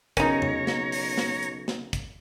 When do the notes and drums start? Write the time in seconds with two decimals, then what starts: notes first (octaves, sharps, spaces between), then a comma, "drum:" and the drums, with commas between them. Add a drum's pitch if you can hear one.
0.17 B1 C#3 C#4 D#4 A#4 C#5 A#5, drum: kick, hi-hat
0.42 drum: tom E2
0.67 drum: snare
0.92 drum: open hi-hat
1.18 drum: snare
1.43 drum: hi-hat
1.68 drum: snare
1.93 drum: kick, hi-hat